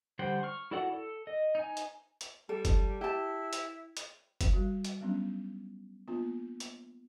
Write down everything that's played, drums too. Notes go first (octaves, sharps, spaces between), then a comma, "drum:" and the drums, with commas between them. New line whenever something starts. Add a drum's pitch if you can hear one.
D3 G3 C5 F#5 G5
C#6 F6
E4 F#4 A4 D5 F#5
A4
D#5
D#4 G#5
drum: hi-hat
drum: hi-hat
G3 A4
drum: kick F#1, hi-hat
E4 G4 A5
drum: hi-hat
drum: hi-hat
drum: kick F#1, hi-hat
G3 F#4
drum: hi-hat
F#3 G3 B3 C#4 D4
A#3 B3 D4 F4
drum: hi-hat